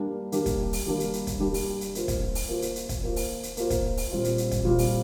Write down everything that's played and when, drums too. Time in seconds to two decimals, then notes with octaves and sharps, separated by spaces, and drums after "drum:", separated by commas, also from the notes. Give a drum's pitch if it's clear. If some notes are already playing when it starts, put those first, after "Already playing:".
Already playing: G3 A#3 D4 G4
0.32 G3 A#3 D4 G4, drum: hi-hat
0.46 drum: kick, hi-hat
0.73 drum: open hi-hat
0.86 G3 A#3 D4 G4
1.00 drum: hi-hat
1.13 drum: hi-hat
1.27 drum: kick, hi-hat
1.40 G3 A#3 D4 G4
1.54 drum: open hi-hat
1.81 drum: hi-hat
1.95 A#3 F4 C5, drum: hi-hat
2.08 drum: kick, hi-hat
2.35 drum: open hi-hat
2.48 A#3 F4 C5
2.62 drum: hi-hat
2.76 drum: hi-hat
2.89 drum: kick, hi-hat
3.03 A#3 F4 C5
3.16 drum: open hi-hat
3.43 drum: hi-hat
3.57 A#3 F4 C5, drum: hi-hat
3.70 drum: kick, hi-hat
3.97 drum: open hi-hat
4.11 A#2 G3 C4 F4
4.24 drum: hi-hat
4.38 drum: hi-hat
4.51 drum: kick, hi-hat
4.65 A#2 G3 C4 F4
4.78 drum: open hi-hat